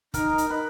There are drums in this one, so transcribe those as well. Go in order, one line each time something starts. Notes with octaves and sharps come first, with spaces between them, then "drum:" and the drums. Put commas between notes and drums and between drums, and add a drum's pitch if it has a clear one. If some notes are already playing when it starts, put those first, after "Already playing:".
D#4 A#4, drum: kick, hi-hat
drum: hi-hat
D#4 B4